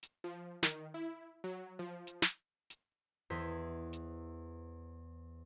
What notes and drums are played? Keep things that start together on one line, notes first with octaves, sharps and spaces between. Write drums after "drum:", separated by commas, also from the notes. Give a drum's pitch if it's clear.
drum: hi-hat
F3
D#3, drum: snare
E4
F#3
F3
drum: hi-hat
drum: snare
drum: hi-hat
E2 C5 D#5 E6 G#6 B6
drum: hi-hat